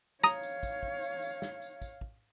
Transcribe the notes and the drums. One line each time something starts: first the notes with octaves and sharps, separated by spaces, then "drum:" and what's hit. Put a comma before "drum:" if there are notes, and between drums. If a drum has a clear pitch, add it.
C#5 F5 A#5 D#6, drum: snare
drum: tambourine
drum: kick, tambourine
drum: kick
drum: tambourine
drum: tambourine
drum: snare
drum: tambourine
drum: kick, tambourine
drum: kick